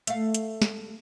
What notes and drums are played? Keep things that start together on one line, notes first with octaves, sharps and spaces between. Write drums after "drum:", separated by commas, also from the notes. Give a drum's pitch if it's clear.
A3 F5, drum: hi-hat
drum: hi-hat
drum: snare